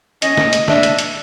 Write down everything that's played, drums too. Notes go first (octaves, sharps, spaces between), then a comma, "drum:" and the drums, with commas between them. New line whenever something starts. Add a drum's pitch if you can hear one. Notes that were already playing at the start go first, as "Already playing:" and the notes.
C#4 D#5, drum: hi-hat
drum: snare
drum: hi-hat
D4 E5, drum: snare
drum: hi-hat
drum: hi-hat